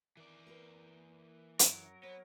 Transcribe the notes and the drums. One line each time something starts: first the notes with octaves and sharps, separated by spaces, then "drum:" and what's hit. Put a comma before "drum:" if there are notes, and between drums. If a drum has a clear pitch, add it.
D#3 E3 D5
A#3 A#4 B4
F#2 F#3 A#4, drum: hi-hat
B3 C5 C#5